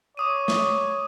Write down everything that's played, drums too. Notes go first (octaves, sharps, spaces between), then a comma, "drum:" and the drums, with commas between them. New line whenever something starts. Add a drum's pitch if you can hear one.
C#5 D6 D#6 D#7
drum: snare